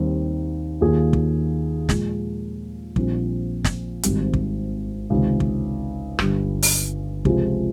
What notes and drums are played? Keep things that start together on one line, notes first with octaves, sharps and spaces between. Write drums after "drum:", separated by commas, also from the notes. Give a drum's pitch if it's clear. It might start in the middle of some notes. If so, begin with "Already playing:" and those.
Already playing: D#2 D#3 G3 C4
D#2 D#3 A#3 F4 G#4
drum: kick
A#2 F3 G#3, drum: snare
A#1 A#2 G3 C4, drum: kick
drum: snare
G#1 G#2 G3 C4, drum: hi-hat
drum: kick
C#2 C3 D#3
drum: kick
G1 G2 G3, drum: rim click
drum: open hi-hat
C#2 C3 F3 G#3, drum: kick